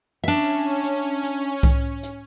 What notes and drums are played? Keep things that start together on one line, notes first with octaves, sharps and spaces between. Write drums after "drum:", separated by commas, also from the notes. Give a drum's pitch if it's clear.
C#4 D4 E5
drum: hi-hat
drum: hi-hat
drum: hi-hat
drum: kick C2, hi-hat
drum: hi-hat